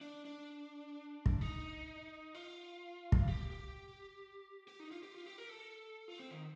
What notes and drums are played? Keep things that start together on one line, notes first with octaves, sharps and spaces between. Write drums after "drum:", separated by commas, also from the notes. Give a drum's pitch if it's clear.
D4
D4
drum: kick
D#4
F4
drum: kick
G4
G4
G4
D#4
F4
G4
F4
G4
A#4
A4
F4
C4
D#3